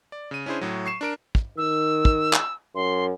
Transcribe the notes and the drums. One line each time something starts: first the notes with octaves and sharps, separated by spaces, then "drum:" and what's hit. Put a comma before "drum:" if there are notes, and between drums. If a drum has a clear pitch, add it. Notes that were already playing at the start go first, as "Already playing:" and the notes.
D5
C#3 D#7
C#4 D4 E4 G#4 C5
A2 F#3
C#6 C7 E7
D4 A#4 D7
drum: kick
D#3 E6
drum: kick
drum: clap
F#2 C6